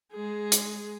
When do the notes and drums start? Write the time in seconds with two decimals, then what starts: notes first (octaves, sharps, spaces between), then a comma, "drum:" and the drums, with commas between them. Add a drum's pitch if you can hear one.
0.12 G#3 G#4
0.52 drum: hi-hat